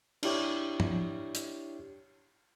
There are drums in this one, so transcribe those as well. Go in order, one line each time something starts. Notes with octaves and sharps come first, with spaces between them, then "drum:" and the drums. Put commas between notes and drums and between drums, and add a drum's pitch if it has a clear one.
D4 E4 G4 C#5, drum: cymbal
drum: tom
drum: hi-hat